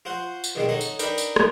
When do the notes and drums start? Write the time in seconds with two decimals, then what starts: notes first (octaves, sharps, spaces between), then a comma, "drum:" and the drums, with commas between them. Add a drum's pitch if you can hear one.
0.05 F4 F#4 C5 F#5
0.44 drum: tambourine
0.55 G2 B2 D#3 G3 G#3 C4
0.69 D#4 F#4 A4 C#5 D#5
0.81 drum: tambourine
0.99 D4 D#4 A#4 B4 G5, drum: tambourine
1.18 drum: tambourine
1.36 drum: rim click